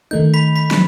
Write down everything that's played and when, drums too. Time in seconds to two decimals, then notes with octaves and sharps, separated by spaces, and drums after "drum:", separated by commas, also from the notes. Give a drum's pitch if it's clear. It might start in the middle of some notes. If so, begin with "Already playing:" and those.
0.11 D#3 A3 D#4 G6
0.34 B5 B6
0.56 B5 B6
0.71 drum: snare